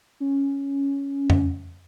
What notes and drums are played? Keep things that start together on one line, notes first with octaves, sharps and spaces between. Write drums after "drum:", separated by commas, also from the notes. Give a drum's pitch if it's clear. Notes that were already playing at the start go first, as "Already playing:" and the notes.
C#4
drum: tom F2